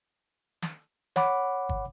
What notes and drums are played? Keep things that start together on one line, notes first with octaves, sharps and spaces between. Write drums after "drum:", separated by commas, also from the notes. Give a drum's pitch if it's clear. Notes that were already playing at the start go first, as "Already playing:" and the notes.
drum: snare
C#5 F#5 B5 D6, drum: snare
drum: kick